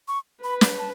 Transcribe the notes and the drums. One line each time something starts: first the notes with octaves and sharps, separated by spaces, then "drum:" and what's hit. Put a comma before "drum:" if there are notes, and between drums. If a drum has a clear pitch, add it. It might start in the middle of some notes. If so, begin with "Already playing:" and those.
C#6
B4 B5
drum: snare
A5